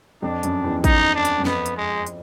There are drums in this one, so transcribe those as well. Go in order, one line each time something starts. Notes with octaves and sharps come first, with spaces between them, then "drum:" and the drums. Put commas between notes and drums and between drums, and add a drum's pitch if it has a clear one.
F2 D4
F#2, drum: hi-hat
E2
D#4, drum: kick, hi-hat
D4
drum: hi-hat
F#2
F2 B3, drum: snare
drum: hi-hat
G#3
drum: hi-hat